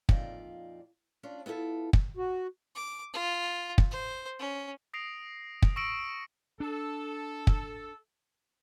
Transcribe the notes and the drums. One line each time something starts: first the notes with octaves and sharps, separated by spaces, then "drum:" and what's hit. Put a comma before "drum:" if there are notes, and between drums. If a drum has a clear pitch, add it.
F2 A#2 D#4 F4 D5, drum: kick
C#4 D4 F4 D5
B3 E4 F4 A4 E5
drum: kick
F#4
D6
F4
drum: kick
C5
C#4
D#6 A#6 C7 D7 F7
drum: kick
C#6 E6 A#6 C#7 D7 F#7
D4 A4
drum: kick